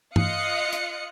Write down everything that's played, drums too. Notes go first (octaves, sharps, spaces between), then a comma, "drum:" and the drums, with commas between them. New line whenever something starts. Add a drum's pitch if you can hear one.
F4 D#5 F5 D#6 F#6 C#7, drum: tom G2
drum: hi-hat